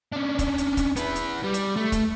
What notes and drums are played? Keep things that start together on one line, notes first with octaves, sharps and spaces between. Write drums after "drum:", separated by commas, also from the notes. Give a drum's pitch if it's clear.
C#4 D4
drum: kick, hi-hat
drum: hi-hat
drum: kick, hi-hat
B3 E4, drum: hi-hat
drum: hi-hat
G3
drum: hi-hat
A3
drum: kick, hi-hat